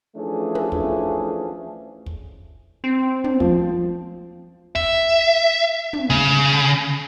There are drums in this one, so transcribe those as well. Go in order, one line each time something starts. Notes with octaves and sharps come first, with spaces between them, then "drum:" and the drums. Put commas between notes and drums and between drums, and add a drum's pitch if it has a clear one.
E3 F3 A3 C#4 D4 G#4
drum: tom
drum: kick
drum: kick
C4
drum: tom
F3, drum: kick
E5, drum: kick
drum: tom
C#3, drum: kick